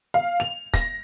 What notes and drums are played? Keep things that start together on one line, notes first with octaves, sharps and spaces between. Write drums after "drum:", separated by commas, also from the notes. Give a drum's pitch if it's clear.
F5
F7
A#6, drum: kick, hi-hat